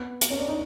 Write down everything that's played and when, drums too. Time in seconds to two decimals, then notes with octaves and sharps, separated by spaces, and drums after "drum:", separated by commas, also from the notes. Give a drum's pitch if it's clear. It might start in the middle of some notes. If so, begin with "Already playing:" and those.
Already playing: B3
0.21 drum: hi-hat
0.30 C#4
0.39 D4
0.48 D#4